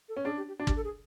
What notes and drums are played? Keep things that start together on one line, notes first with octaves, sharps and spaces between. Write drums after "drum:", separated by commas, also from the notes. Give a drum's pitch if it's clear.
A4
C#4
D4 G#4
G4
G4
D4 F#4
G4, drum: kick
A4
G#4